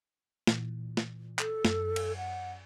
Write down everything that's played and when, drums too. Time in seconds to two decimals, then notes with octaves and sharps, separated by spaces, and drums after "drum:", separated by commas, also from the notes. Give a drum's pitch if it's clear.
0.47 A#2 E3, drum: snare
0.97 drum: snare
1.39 A4, drum: clap
1.65 F#2, drum: snare
1.96 drum: cymbal
2.17 F#5